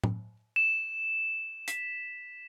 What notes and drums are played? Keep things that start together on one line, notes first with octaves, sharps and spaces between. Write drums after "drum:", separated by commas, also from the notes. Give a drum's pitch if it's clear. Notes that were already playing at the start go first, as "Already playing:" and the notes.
drum: tom A2
E7
B6, drum: hi-hat